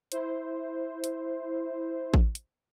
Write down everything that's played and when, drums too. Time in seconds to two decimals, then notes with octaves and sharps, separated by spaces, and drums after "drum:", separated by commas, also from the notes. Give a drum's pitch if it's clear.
0.12 E4 C5, drum: hi-hat
1.04 drum: hi-hat
2.14 drum: kick A1
2.35 drum: hi-hat